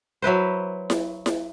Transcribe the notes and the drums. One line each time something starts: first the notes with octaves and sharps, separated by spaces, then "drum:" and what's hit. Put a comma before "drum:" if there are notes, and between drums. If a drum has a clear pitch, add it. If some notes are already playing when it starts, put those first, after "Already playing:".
F#3 E4 B4 C5
drum: snare E4
drum: snare E4